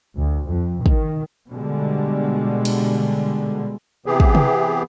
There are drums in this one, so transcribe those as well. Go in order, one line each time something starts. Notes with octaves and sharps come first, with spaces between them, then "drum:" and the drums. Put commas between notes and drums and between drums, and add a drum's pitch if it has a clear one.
D2
F2
D#3, drum: kick
B2 D3 G3 G#3
drum: cymbal
C3 E3 B3 G4 G#4
drum: kick
drum: tom C3